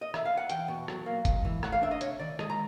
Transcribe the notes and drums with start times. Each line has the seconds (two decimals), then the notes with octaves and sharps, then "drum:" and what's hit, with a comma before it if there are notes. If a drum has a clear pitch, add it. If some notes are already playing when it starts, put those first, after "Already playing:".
0.01 D#5
0.14 E5, drum: rim click
0.25 F5
0.37 F#5
0.50 E2 G5, drum: hi-hat
0.68 B2
0.88 F#3, drum: rim click
1.06 A#3
1.25 G#2, drum: kick F#1, hi-hat
1.45 E3
1.63 A3 F#5, drum: rim click
1.72 F5
1.82 D4 E5
1.91 D#5
2.01 C3 C#5, drum: hi-hat
2.20 D#3 D5
2.39 G#3 D#5, drum: rim click
2.50 A#5